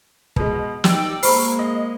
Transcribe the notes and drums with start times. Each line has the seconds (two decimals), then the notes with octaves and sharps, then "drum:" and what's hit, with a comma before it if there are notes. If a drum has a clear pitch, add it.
0.36 B2 G#3, drum: kick
0.84 D#4 G4 D5 G5 E6, drum: snare
1.23 G#3 A#3 C5 A#5 B5 C#6 F6 C7, drum: open hi-hat
1.59 D#5